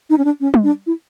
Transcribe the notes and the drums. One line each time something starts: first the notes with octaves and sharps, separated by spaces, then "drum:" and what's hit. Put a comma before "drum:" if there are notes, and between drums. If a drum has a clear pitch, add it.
D#4
C#4
D4
C#4
drum: tom G3
D4
E4